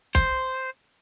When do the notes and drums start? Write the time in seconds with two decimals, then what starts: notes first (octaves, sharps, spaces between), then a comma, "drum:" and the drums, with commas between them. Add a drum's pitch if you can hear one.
0.15 C5, drum: kick, hi-hat